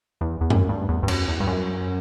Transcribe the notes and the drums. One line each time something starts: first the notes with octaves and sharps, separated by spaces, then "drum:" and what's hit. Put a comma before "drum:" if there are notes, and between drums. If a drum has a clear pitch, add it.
E2
E2
F#2, drum: tom G2
G2
E2
G2
F#2, drum: cymbal
E2
G2
F#2